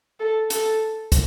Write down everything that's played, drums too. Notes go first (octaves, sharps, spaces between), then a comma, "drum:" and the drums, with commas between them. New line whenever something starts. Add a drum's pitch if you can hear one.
A4
A4, drum: hi-hat
drum: kick, hi-hat